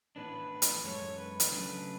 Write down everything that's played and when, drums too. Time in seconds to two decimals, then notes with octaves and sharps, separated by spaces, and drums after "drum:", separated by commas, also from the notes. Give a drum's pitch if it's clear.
0.16 A2 E3 B3 D4 B4
0.62 drum: hi-hat
0.84 F#2 E3 G#3 A4 C#5
1.18 B4
1.40 drum: hi-hat
1.52 C#3 F#3 A3 D4